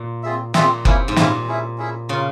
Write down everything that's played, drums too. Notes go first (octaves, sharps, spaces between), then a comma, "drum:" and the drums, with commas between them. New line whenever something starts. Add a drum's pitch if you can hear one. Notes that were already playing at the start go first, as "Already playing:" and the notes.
Already playing: A#2
C4 F4 G#4 E5
A#2 C4 F4 G#4 E5, drum: snare
C3 A#3 C#4 E4, drum: kick F#1
G#2
A#2 A#3 C#4 E4, drum: snare
C#4 E4 G#4 E5
C#4 E4 G#4 E5
C#3 F4 A#4 F5